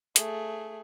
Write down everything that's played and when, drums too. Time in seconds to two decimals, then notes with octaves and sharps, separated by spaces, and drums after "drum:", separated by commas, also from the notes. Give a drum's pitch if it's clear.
0.16 A3 G#4, drum: hi-hat